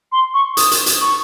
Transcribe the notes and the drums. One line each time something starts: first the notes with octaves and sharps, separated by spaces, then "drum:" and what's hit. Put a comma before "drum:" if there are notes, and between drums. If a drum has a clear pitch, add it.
C6
C#6
D#6, drum: hi-hat
drum: hi-hat
drum: hi-hat
C#6